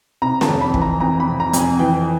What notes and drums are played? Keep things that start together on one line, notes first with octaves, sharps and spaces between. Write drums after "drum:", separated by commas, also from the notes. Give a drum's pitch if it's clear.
C3 A#5
A5, drum: snare
F2
B5
E3, drum: kick
A#5
F2 A#5
B5
C3
A#5
F2, drum: hi-hat
G#5
E3 G5